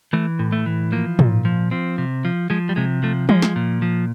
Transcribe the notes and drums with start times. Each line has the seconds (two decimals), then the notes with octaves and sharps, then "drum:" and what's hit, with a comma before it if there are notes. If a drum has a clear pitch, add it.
0.13 E3 A3
0.39 A2
0.52 A3
0.66 E3
0.92 F3 A#3
1.19 A#2, drum: tom
1.45 F3
1.71 F3 C4
1.98 C3
2.25 F3
2.50 F3 G#3
2.69 G3
2.76 C3 G#3
3.03 F3 A3
3.29 F3 G#3, drum: tom
3.42 drum: snare
3.56 A#2
3.82 F3